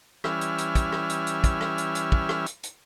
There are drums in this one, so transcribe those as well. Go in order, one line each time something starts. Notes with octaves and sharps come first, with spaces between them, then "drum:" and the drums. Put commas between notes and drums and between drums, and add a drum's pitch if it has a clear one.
E3 G3 C#4 E5 F6, drum: rim click
drum: hi-hat
drum: hi-hat
drum: kick, hi-hat
drum: rim click
drum: hi-hat
drum: hi-hat
drum: kick, hi-hat
drum: rim click
drum: hi-hat
drum: hi-hat
drum: kick
drum: rim click
drum: hi-hat
drum: hi-hat